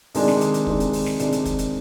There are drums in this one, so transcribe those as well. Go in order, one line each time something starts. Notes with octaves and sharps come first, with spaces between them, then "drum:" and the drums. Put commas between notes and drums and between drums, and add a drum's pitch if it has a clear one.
C3 D#3 G#3 D4, drum: open hi-hat
drum: snare
drum: hi-hat
drum: hi-hat
C3 D#3 G#3 D4, drum: kick
drum: hi-hat
drum: open hi-hat
drum: snare
C3 D#3 G#3 D4, drum: hi-hat
drum: hi-hat
drum: kick, hi-hat
drum: hi-hat